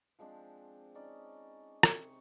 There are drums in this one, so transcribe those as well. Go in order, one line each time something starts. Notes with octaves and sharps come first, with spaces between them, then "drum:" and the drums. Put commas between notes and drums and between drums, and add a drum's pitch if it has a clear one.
F3 G#3 C4 D4
C#4 D#4 D5 D#5
C3 C4 C#6, drum: rim click